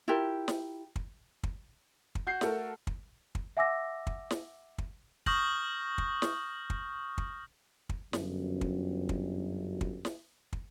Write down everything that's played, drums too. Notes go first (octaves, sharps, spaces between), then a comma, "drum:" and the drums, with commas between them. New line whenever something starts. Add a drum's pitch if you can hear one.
E4 F4 G4 A#4
drum: snare
drum: kick
drum: kick
drum: kick
F#4 G6 C7
A3 A4 A#4, drum: snare
drum: kick
drum: kick
E5 F#5 G#5 D6 E6 A#6
drum: kick
drum: snare
drum: kick
C#6 D#6 F6 G6 A#6 F#7, drum: kick
drum: kick
drum: snare
drum: kick
drum: kick
drum: kick
G1 F#2, drum: snare
drum: kick
drum: kick
drum: kick
drum: snare
drum: kick